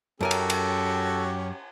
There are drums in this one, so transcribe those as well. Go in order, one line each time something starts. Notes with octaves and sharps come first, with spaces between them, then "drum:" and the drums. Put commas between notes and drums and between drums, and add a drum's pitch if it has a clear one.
F#2 C#4 F#4 G4 A4 A#4 G#5
drum: cymbal
drum: cymbal